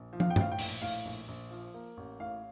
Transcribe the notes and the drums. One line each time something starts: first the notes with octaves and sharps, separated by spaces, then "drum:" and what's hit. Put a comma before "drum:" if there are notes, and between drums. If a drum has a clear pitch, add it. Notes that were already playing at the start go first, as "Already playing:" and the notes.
Already playing: A#1
F3
F5, drum: tom
G5
A2 F5, drum: tom G2
G5
A#1, drum: open hi-hat
A2 F5
A#1
A#1
F3
A#3
A1
A2 F5